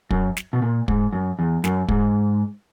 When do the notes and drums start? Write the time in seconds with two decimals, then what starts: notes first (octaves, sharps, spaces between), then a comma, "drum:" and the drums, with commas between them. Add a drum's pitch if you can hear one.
0.11 F#2, drum: kick
0.37 drum: snare
0.53 B2
0.62 A#2
0.88 G#2, drum: kick
1.13 F#2
1.39 E2
1.64 F#2, drum: snare
1.88 G#2, drum: kick